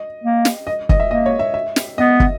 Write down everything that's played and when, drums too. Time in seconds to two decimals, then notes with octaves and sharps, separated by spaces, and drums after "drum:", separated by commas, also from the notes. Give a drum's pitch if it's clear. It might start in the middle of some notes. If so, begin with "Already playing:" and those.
Already playing: D#5
0.24 A#3
0.45 drum: snare
0.67 D#5
0.89 D#5, drum: kick
1.00 E5
1.10 A#3 D#5
1.26 C#5
1.39 E5
1.54 E5
1.76 drum: snare
1.98 B3 D#5
2.20 drum: kick